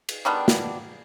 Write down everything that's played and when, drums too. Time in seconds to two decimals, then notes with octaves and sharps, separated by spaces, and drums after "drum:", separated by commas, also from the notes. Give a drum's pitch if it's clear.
0.09 drum: cymbal
0.25 D#3 G3 B3 D4
0.48 drum: snare